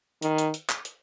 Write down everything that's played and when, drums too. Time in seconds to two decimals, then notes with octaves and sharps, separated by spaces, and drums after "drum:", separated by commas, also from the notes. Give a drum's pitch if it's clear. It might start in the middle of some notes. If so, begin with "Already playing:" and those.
0.22 D#3, drum: hi-hat
0.38 drum: hi-hat
0.54 drum: hi-hat
0.69 drum: clap
0.85 drum: hi-hat